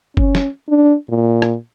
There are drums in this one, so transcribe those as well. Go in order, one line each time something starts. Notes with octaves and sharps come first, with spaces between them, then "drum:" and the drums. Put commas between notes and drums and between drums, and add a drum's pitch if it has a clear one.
C#4, drum: kick F#1
drum: snare
D4
A#2
drum: rim click